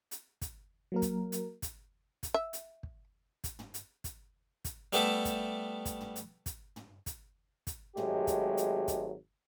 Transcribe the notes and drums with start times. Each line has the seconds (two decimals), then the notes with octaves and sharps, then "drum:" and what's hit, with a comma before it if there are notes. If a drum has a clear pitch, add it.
0.11 drum: hi-hat
0.41 drum: kick, hi-hat
0.92 F#3 A#3 A#4
1.02 drum: kick, hi-hat
1.32 drum: hi-hat
1.62 drum: kick, hi-hat
2.23 drum: kick, hi-hat
2.34 E5
2.53 drum: hi-hat
2.83 drum: kick
3.44 drum: kick, hi-hat
3.59 drum: tom
3.74 drum: hi-hat
4.04 drum: kick, hi-hat
4.65 drum: kick, hi-hat
4.93 G3 A3 B3 G4 A4 E5, drum: hi-hat
5.25 drum: kick, hi-hat
5.85 drum: kick, hi-hat
6.01 drum: tom
6.16 drum: hi-hat
6.46 drum: kick, hi-hat
6.76 drum: tom
7.06 drum: kick, hi-hat
7.67 drum: kick, hi-hat
7.97 G#1 F#3 G#3 A3 G4, drum: tom
8.27 drum: kick, hi-hat
8.57 drum: hi-hat
8.88 drum: kick, hi-hat